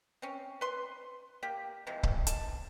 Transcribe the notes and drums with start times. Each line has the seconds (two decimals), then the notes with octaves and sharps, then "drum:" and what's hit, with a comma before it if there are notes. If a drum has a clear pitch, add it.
0.22 C4 C#4
0.61 B4 C6
1.43 A#3 G4
1.87 C3 E3 F3 G#3
2.03 drum: kick C#1
2.27 A5, drum: hi-hat